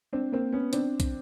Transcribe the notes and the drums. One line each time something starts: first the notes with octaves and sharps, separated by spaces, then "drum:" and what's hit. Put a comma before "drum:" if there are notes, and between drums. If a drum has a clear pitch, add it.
C4 D4
A#3 C4
B3 C#4
C4 D4, drum: hi-hat
drum: kick, hi-hat